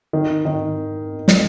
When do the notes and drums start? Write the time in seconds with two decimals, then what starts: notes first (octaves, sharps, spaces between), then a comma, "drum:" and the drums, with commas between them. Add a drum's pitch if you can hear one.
0.13 D#3
0.45 D#3
1.28 drum: snare